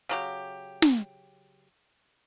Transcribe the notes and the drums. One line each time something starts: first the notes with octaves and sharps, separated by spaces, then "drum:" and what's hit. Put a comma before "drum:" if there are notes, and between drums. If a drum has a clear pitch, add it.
C#3 F#3 G4
drum: snare